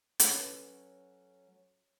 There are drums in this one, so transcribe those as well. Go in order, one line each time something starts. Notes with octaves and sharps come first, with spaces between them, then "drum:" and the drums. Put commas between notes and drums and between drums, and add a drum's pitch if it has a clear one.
F#3 C#4 A4 B4 D#5, drum: hi-hat